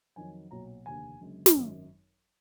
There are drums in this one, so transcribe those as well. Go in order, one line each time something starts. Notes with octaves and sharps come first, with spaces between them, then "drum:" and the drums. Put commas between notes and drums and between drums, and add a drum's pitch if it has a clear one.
F2 D#3 F#3 G#5
B1 A#2 F#3 A#5
F1 D#2 D3 G#5
F#1 F#2 D3 G#3
drum: snare
G#1 F#2 D#3